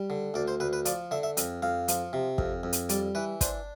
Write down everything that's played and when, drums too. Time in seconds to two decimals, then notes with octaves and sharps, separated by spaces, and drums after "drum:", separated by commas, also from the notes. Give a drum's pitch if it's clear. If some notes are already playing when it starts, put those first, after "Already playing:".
Already playing: G3
0.10 D3
0.34 D2 D5
0.48 C5
0.60 D2 B4
0.73 B4
0.85 F3 D5, drum: hi-hat
1.11 D3 E5
1.23 E5
1.37 F2, drum: hi-hat
1.62 F2 F5
1.88 F3, drum: hi-hat
2.13 C3
2.38 F2, drum: kick
2.63 F2
2.73 drum: hi-hat
2.89 G3 D5, drum: hi-hat
3.15 E3 B4
3.41 D4 C5, drum: kick, hi-hat